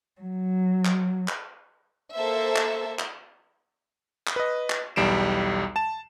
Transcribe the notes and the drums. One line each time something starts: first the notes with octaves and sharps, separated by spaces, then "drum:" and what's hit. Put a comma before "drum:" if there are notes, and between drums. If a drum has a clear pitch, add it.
F#3
drum: clap
drum: clap
A#3 A4 C5 E5
drum: clap
drum: clap
drum: clap
B4 D#5
drum: clap
B1 E2 G3 C7 D7 E7
A5 E7